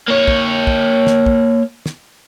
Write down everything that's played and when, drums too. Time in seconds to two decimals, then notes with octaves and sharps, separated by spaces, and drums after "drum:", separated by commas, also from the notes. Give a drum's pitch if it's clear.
0.08 A#3 C#5
0.28 drum: kick
0.67 drum: kick
1.07 drum: snare
1.26 drum: kick
1.86 drum: snare